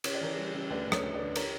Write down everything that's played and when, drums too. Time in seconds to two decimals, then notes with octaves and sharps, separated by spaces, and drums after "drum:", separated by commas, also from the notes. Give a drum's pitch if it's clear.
0.04 C#3 C#5, drum: cymbal
0.14 D5
0.21 E3 A#4 C#5
0.37 G3
0.54 C#3
0.70 D2 B4 D5
0.87 D2
0.92 A#4 C#5, drum: rim click
1.03 D2
1.14 B4 D5
1.20 D3
1.36 A#4 C#5, drum: cymbal